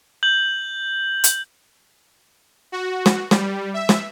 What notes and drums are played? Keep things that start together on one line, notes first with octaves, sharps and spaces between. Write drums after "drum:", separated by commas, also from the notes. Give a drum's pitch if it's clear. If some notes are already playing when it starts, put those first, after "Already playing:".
G6 F#7
drum: hi-hat
F#4
drum: snare
G3, drum: snare
E5
drum: snare